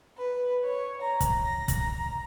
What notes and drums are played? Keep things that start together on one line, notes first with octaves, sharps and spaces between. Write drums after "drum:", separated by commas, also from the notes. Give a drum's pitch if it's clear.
B4
C#5
A#5
drum: kick, hi-hat
A#6
drum: kick, hi-hat
A#5